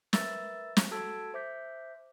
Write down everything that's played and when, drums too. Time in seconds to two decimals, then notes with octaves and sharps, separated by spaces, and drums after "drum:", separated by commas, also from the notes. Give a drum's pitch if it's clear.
0.13 A#4 B4 E5 E6 A6, drum: snare
0.77 drum: snare
0.91 F#4 A4 A5 E6 G#6 D7
1.34 C5 E5 D6 G6 B6